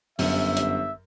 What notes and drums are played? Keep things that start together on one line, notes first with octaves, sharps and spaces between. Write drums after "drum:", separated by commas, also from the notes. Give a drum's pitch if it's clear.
G1 F#2 E5, drum: open hi-hat
drum: hi-hat